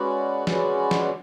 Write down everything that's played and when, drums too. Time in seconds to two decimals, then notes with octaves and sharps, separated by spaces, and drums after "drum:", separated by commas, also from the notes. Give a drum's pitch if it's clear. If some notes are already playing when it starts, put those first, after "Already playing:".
Already playing: G#3 C#4 F#4 B4 D5
0.47 G#3 C#4 F#4 B4 D5, drum: snare
0.91 drum: snare